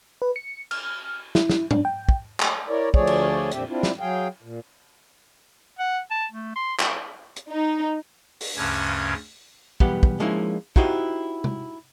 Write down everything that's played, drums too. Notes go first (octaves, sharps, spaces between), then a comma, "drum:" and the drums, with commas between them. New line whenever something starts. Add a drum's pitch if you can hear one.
B4
C#7
F6, drum: cymbal
E4, drum: snare
drum: snare
D4, drum: tom G#2
G5
drum: kick
drum: clap
E4 A#4 C#5 D5
D2 F3 A3 G#4 C#5 D5, drum: kick
drum: cymbal
F2 A#2 D3 C4 G4 E5, drum: hi-hat
C4 D4 E4 F4
drum: snare
F#3 G#4 F5 G5
A#2
F#5
A5
A3
C6
drum: clap
drum: hi-hat
D#4
drum: open hi-hat
D2 G2 C#3 C#4 G#6
B1 E2 G3 B3 G4 F#5, drum: kick
drum: kick
F3 G#3 A#3 C#4 D#4 E4
D#4 E4 F#4 G4 C5 D#5, drum: kick
drum: tom